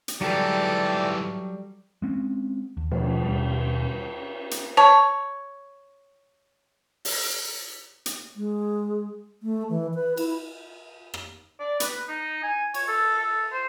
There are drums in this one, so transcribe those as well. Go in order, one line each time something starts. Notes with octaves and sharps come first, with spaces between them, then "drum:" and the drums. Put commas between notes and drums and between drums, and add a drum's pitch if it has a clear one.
drum: hi-hat
G#2 E3 F#3 G3 G4 A4 D5
G#3 C4 C#4
D#2
D#2 B2 F3 A3, drum: cymbal
D#2 B2 G3
drum: hi-hat
C#5 A5
drum: open hi-hat
drum: hi-hat
G#3
A3
E3
B4
E4, drum: cymbal
drum: rim click
D5
B4, drum: hi-hat
D#4
G#5
C#5, drum: cymbal
A4
A4
C5